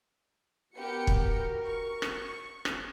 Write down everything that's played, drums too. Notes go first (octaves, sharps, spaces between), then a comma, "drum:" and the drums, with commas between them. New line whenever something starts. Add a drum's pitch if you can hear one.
B3 F#4 G4 A#4 C#7
drum: kick
C#6
drum: rim click
drum: rim click